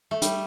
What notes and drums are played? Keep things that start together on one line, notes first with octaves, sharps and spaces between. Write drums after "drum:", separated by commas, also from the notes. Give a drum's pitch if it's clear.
A3
G3, drum: hi-hat